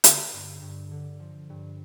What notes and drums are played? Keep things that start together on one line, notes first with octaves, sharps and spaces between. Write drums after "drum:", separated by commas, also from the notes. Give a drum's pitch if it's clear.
D3, drum: hi-hat
G2
G2
D3
F3
G2